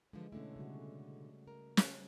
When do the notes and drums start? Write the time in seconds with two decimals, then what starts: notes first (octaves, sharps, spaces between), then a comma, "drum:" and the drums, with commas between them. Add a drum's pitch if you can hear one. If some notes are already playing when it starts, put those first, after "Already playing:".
0.13 D3 E3 F3 G#3
0.32 B2 D3 A3 C#4 E4
0.56 C#3 G3 F#4
1.47 A#4
1.77 drum: snare